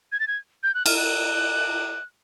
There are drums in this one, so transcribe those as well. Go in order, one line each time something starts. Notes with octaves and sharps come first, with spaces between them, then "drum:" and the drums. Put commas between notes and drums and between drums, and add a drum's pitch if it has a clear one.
G#6
A6
G#6
G6
F#6
F6, drum: cymbal
F#6